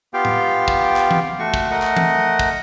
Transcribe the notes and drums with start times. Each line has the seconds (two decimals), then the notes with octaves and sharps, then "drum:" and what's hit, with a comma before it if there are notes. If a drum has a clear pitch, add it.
0.14 B3 F4 G4 F5 G5
0.25 drum: tom A2
0.68 drum: kick
0.96 drum: clap
1.11 drum: tom E3
1.39 A3 F#4 C#6
1.54 drum: kick
1.71 A3 A#4 D#5 F#5
1.82 drum: clap
1.97 drum: tom E3
2.39 drum: kick